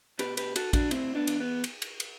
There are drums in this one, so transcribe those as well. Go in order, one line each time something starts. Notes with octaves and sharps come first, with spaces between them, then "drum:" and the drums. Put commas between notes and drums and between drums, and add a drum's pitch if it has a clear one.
B2 G4 B4, drum: cymbal
G4 B4, drum: cymbal
F#4 A4, drum: cymbal
D4 F#4, drum: kick, cymbal
A2 C4 E4, drum: cymbal
B3 D4
E3, drum: cymbal
B3
drum: cymbal
drum: cymbal
drum: cymbal